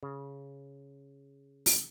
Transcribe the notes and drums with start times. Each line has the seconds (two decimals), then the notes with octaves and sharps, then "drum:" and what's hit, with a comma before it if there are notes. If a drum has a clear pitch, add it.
0.03 C#3
1.66 drum: open hi-hat